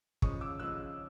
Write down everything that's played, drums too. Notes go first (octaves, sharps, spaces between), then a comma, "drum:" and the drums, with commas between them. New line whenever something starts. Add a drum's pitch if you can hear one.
C#3 F3 G#3 C#4 C#6 D#6, drum: kick
D6 E6
C#3 F3 G#3 C#4 E6 F#6